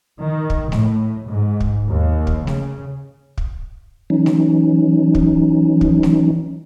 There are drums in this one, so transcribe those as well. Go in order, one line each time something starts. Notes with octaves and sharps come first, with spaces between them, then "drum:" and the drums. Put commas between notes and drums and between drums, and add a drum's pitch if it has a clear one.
D#3
drum: kick
A2, drum: snare A3
G#2
drum: kick
D#2
drum: kick
C#3, drum: snare A3
drum: kick
E3 F#3 C#4 D#4
drum: snare A3
drum: kick
drum: kick
drum: snare A3